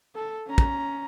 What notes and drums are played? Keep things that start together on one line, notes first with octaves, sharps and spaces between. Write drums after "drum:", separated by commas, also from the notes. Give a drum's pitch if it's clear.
A4
C#4 A#5
drum: kick